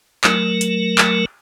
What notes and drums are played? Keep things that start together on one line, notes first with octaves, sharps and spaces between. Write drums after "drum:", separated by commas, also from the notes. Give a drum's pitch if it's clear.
F#3 A3 A#4, drum: clap
drum: hi-hat
drum: clap